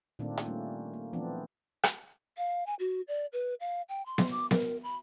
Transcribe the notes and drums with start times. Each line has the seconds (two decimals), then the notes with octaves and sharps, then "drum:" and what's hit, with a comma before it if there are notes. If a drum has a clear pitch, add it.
0.19 A#2 D#3 A3 A#3 C4 D4
0.38 drum: hi-hat
0.47 G3 A3 A#3 C#4
0.94 A#3
1.13 E3 F3 A3 B3 C4 D4
1.83 drum: rim click
2.37 F5
2.66 G#5
2.80 F#4
3.08 D5
3.33 B4
3.60 F5
3.89 G5
4.06 C6
4.18 drum: snare B3
4.31 D6
4.51 A#4, drum: snare B3
4.83 B5